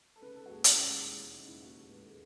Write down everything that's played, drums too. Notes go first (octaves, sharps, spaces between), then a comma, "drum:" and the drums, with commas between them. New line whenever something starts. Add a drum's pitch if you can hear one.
A4
C#3 B4
A4
F#4
D#2 G#4
E4, drum: hi-hat
E1 C#4
G#3
C#3 D#4
E4
D#2 F#4
G#4
E1 B4
A4
G#4